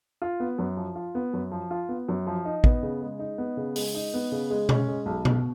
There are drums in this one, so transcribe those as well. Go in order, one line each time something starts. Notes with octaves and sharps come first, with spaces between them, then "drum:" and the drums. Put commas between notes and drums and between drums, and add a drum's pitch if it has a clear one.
F4
B3
F#2
F3
F4
B3
F#2
F3
F4
B3
F#2
F3
D#4
B3, drum: kick
C#3
G#3
D#4
B3
C#3
G#3, drum: open hi-hat
D#4
B3
C#3
G#3
C#4, drum: tom B2
G#3
B1
B2, drum: tom B2